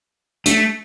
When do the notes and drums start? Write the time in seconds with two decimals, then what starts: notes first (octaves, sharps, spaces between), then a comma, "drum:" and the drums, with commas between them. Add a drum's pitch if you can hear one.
0.46 A3, drum: hi-hat